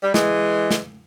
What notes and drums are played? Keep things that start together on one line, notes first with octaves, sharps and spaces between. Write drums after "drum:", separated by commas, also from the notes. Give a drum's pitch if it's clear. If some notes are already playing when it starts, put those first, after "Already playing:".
G3
E3 G#3, drum: snare
drum: snare